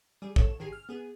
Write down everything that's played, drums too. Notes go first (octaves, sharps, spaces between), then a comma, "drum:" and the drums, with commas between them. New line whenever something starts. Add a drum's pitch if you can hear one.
G3 G#4
A4 C#5 E7, drum: kick
G#1 D#3 G4 G#4 G#5 C7
F6
B3 G#4